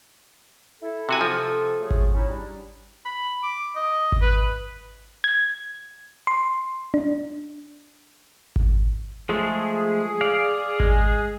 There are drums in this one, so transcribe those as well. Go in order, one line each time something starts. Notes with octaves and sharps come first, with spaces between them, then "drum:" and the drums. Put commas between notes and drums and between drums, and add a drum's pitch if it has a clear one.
E4 A4
C3 F#4 G#5
C3 F3 A4
F#3 A3 G#4
drum: kick G#1
C#4 D#4 E4
G3 D4
B5
D6
D#5
drum: kick G#1
B4
G#6
C6
D4
drum: kick G#1
F3 G#3 A3 G#4
D5 F5
G#3, drum: kick G#1